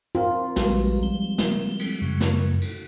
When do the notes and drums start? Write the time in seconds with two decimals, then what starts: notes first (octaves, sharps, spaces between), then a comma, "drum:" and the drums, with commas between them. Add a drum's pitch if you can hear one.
0.15 C4 F4 A#4
0.56 A#1 F3 G3 G#3 F#4 B4, drum: snare
1.03 C4
1.38 drum: snare
1.79 drum: cymbal
2.01 F#2 C#3
2.20 drum: snare
2.62 drum: cymbal